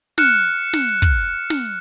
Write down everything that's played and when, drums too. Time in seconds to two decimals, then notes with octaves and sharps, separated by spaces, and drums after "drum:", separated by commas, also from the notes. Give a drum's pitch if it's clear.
0.18 F6 F#6 C#7 E7, drum: snare
0.73 drum: snare
1.02 drum: kick
1.50 drum: snare